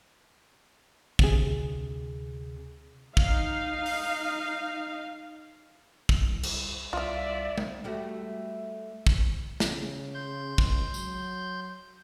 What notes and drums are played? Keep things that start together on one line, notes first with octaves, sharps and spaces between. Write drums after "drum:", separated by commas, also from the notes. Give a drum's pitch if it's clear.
D2 C3 G#4, drum: kick
D#4 F5, drum: kick
drum: open hi-hat
drum: kick
C2
drum: cymbal
C2 F4 D5 E5 F5
drum: tom G#3
G3 A3 F#4
drum: kick
C#3, drum: snare
C6 G6
C#2, drum: kick
F#3, drum: tambourine